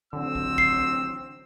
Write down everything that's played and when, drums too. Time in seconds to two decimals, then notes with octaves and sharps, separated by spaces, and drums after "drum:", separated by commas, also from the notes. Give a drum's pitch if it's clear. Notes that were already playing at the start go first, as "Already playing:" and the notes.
0.13 A1 D3 F#3 C4 E6
0.35 drum: kick
0.58 C7, drum: kick